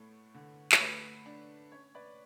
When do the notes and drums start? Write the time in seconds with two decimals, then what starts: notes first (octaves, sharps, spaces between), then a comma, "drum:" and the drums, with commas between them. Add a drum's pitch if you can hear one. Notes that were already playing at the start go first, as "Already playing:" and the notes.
Already playing: A2 A3 B3 C#5
0.34 D3
0.72 C#5, drum: clap
0.80 A3 B4
1.25 D4
1.72 C#4 C#5
1.95 B4 D5